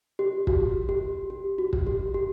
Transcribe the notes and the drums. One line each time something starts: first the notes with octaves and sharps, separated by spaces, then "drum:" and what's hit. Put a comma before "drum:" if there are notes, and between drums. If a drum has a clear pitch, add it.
G4
F#4, drum: kick
G4
G4
F#4
drum: kick
G4
G4